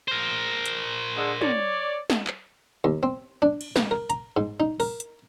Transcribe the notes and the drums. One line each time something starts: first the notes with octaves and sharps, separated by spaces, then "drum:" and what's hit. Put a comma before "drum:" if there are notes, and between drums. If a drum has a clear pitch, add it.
A#4 C5
drum: hi-hat
D3 G#3
C#5 D5, drum: tom
drum: snare
drum: clap
D#2
C4
D4
drum: cymbal
B4, drum: snare
A#4
A#5, drum: hi-hat
G#2
D#4
A#4, drum: open hi-hat
drum: hi-hat